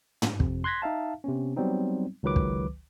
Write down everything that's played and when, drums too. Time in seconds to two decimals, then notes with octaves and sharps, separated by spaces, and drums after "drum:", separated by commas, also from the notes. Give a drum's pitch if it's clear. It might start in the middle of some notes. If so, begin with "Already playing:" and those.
0.22 drum: tom
0.40 F2 C3, drum: kick
0.64 C6 F#6 G#6 A#6 B6
0.82 D#4 E5 F5 A5
1.24 C3 B3 C#4
1.56 F#3 G3 B3 C4 D#4
2.23 C#2 D#3 F#3 B4 D6
2.36 drum: kick